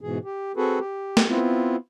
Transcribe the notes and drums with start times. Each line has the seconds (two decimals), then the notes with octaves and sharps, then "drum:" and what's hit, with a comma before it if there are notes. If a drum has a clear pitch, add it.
0.01 G#2 B2 E3 G#4
0.25 G4
0.57 C4 F#4 G#4 A4 B4
0.80 G4
1.17 drum: snare
1.29 B3 C4 E4 F4